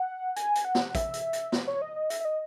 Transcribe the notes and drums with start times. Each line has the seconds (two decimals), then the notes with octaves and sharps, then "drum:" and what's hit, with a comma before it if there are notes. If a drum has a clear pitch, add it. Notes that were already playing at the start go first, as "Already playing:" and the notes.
Already playing: F#5
0.36 G#5, drum: hi-hat
0.55 drum: hi-hat
0.65 F#5
0.75 drum: snare
0.95 E5, drum: kick, hi-hat
1.14 drum: hi-hat
1.33 drum: hi-hat
1.52 drum: snare
1.67 C#5
1.82 D#5
1.96 D#5
2.10 E5, drum: hi-hat
2.20 E5
2.25 D#5